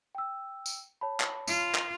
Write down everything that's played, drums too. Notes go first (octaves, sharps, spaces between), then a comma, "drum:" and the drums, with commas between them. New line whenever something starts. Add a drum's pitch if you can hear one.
G5 E6
drum: tambourine
C#5 A5 B5
drum: clap
F4, drum: tambourine
drum: clap